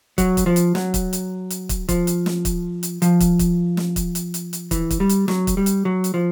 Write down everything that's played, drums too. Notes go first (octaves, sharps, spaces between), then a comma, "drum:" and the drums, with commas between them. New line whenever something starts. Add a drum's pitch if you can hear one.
F#3, drum: kick, hi-hat
drum: kick, hi-hat
F3
drum: hi-hat
F#3, drum: snare
drum: kick, hi-hat
drum: hi-hat
drum: hi-hat
drum: kick, hi-hat
F3, drum: kick, hi-hat
drum: hi-hat
drum: snare
drum: kick, hi-hat
drum: hi-hat
F3, drum: hi-hat
drum: kick, hi-hat
drum: kick, hi-hat
drum: snare
drum: kick, hi-hat
drum: hi-hat
drum: hi-hat
drum: hi-hat
E3, drum: kick, hi-hat
drum: kick, hi-hat
G3
drum: hi-hat
F#3, drum: snare
drum: kick, hi-hat
G3
drum: hi-hat
F#3
drum: hi-hat
F3